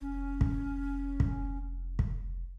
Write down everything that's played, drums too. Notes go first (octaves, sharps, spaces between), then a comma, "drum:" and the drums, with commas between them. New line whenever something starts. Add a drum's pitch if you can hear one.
F1 C#4
drum: kick
drum: kick
drum: kick